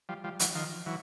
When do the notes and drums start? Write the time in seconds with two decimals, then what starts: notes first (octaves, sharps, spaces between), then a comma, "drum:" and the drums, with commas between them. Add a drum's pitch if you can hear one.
0.09 F3 G3
0.24 F3 G3
0.40 E3 F#3, drum: hi-hat
0.55 D#3 F3
0.86 E3 F#3